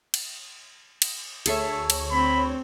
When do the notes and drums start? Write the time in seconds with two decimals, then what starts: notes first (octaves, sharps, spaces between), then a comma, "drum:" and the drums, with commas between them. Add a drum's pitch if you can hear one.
0.14 drum: cymbal
1.02 drum: cymbal
1.46 D2 G#4 A4 C#5 E5, drum: cymbal
1.90 drum: cymbal
2.12 C4 B5